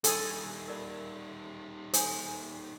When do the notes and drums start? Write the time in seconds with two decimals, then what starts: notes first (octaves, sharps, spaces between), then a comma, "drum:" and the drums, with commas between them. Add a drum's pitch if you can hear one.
0.04 D#3 G3 A4 G#5 A5 C6 D#6, drum: hi-hat
0.68 A#4 D5
1.93 A4 C5 G#5, drum: hi-hat